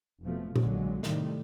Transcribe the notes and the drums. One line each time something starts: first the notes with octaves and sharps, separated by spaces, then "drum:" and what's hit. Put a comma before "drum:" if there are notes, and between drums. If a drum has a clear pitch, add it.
F1 B2 F3 A3
A#1 D3 F#3 G#3, drum: tom A#2
A2 C3 D#3 G3 A3, drum: snare